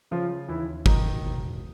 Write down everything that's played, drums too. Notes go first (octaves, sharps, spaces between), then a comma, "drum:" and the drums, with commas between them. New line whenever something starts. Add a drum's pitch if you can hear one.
C#3 F3 F4
D#2 E3 E4
E1 D#3 D#4, drum: kick
E1